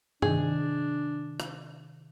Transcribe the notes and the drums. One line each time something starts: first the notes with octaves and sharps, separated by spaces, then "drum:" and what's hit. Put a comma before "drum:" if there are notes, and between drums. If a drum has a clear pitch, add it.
C3 D#3 D4 G#4, drum: tom G2
drum: rim click